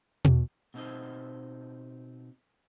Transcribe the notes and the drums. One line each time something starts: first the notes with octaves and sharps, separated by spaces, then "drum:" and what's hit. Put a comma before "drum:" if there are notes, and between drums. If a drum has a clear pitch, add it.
drum: tom B2
B2 C4 D#4 F4 C5 D#5